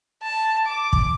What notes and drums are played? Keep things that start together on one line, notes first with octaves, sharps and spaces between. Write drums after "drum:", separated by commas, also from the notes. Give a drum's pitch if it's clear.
A5
D6
drum: kick